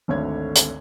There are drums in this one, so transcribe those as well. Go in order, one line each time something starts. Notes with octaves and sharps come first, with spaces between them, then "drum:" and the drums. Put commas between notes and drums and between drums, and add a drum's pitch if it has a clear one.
G#1 D2 D3 C#5 G#6
drum: hi-hat